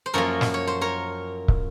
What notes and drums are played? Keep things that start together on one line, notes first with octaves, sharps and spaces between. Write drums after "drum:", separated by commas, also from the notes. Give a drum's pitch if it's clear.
C5
F#2 F3 A#3 A#4 C#5
drum: snare
C#5
C5
A#4 C#5
drum: kick